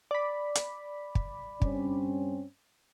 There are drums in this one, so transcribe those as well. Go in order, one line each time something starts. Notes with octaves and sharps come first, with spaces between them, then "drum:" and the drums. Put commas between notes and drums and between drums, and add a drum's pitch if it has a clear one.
D5 B5
drum: hi-hat
drum: kick
G2 C4 C#4, drum: kick